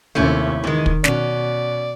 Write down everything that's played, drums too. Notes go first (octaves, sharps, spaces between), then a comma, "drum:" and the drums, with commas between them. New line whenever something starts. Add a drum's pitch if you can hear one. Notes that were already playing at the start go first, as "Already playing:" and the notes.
D#2 C3 A3 C#4 E4
D#3 E3 G#3
drum: kick
B2 C#4 D5, drum: snare